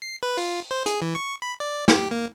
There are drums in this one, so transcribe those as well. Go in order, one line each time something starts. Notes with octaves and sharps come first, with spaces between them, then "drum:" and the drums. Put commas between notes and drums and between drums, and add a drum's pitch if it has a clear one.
C7
B4
F4, drum: open hi-hat
C5
G#4, drum: hi-hat
E3
C#6
B5
D5
G4, drum: snare
A#3